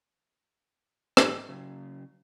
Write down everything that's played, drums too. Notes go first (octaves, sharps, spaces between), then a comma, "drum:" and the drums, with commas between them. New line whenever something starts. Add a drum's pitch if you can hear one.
drum: rim click
C#3 F#3